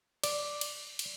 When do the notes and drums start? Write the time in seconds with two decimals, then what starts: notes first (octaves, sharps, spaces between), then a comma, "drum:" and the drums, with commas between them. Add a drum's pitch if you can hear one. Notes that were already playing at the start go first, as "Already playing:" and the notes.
0.24 D5, drum: cymbal
0.61 drum: cymbal
0.99 drum: cymbal